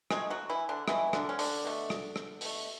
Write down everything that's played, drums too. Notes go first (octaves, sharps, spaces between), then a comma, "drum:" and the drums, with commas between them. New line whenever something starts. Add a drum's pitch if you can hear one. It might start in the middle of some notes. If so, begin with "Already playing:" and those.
B2 G#3 A3 G#4, drum: rim click
F#3 F#4
E3 E4
D3 D4
B2 E3 A3 E4, drum: rim click
D3 D4, drum: rim click
C#4
D3 D4, drum: open hi-hat
B2 A3
drum: rim click
drum: rim click
B2 A3, drum: open hi-hat